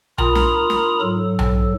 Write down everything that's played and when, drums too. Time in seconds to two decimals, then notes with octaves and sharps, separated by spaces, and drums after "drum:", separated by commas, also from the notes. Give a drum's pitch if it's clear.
0.18 F4 A#4 A#5 B5 D#6, drum: tom B1
0.35 drum: snare
0.70 drum: snare
1.01 G#2 F#3 A4
1.39 drum: tom B1